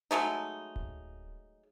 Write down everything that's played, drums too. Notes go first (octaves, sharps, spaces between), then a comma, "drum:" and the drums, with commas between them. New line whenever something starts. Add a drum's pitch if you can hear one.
F#3 G#3 A3 D#4
drum: kick D1